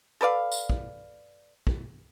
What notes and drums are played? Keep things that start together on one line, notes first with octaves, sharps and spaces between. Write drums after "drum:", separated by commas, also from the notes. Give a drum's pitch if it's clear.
A4 B4 D5 F5
drum: tambourine
drum: kick
drum: kick